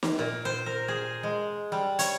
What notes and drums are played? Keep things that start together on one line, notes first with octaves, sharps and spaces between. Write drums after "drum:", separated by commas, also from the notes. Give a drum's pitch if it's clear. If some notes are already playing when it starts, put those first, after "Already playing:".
drum: snare
A#2
C5
A#4
G#4
G#3
G3
C#5, drum: hi-hat